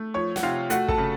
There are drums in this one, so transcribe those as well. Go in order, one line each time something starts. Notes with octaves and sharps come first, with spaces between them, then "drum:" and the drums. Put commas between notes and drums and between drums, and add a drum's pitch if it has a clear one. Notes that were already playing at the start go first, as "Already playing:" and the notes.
Already playing: A3
F3 C#5 C#6
F#5, drum: snare
C3 F4 F5
A3 F#4 F#5, drum: hi-hat
A4 A5, drum: kick
C#3